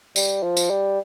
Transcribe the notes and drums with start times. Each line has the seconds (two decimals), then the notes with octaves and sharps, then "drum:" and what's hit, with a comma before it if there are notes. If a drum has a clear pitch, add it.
0.16 G3, drum: tambourine
0.43 F3
0.57 drum: tambourine
0.70 G3